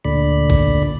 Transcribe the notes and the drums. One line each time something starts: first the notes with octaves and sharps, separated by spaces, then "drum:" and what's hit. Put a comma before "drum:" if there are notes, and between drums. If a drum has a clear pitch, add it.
D2 A#2 D3 D5 B5
drum: kick A#1